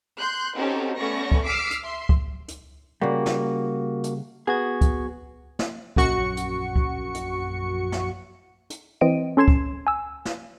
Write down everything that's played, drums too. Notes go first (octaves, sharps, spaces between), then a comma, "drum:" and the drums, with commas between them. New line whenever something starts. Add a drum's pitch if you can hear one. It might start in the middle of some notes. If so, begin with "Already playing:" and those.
C6 F#6 G6
C4 C#4 D#4 F#4 G4 A4
A3 B3 C#4 D5 C#6 A#6
drum: kick C#2
D6 E6 F6 B6 C7 D7
drum: hi-hat
E5 C6
drum: kick C#2
drum: hi-hat
C#3 G3 A#3 F#4
drum: snare
drum: hi-hat
B3 F#4 G#4 G#6
drum: kick C#2, hi-hat
drum: snare
A#1 F#2 F#4 C#6 C#7, drum: kick C#2
drum: hi-hat
drum: kick C#2
drum: hi-hat
drum: snare
drum: hi-hat
E3 C4 D#5 D7 D#7
C#4 A4 C6 G#6 C7 E7
drum: kick C#2
G#5 E6
drum: snare